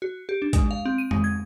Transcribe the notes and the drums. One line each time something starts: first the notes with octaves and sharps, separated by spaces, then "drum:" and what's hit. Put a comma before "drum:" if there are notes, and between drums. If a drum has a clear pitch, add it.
F#4
G4
D4
G#3, drum: kick A1, hi-hat
F5
C4
D#7
G#3, drum: tom F2
G#6